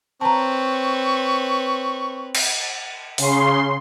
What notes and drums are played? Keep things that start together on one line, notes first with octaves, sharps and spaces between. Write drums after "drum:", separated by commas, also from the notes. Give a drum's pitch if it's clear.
C4 B4 C#5 A5 A#5 C#6
drum: cymbal
C#3 C6, drum: open hi-hat